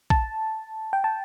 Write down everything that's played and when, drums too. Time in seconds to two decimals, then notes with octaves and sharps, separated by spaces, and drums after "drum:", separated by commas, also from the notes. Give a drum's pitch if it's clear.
0.10 A5, drum: kick A#1
0.93 G5
1.04 A5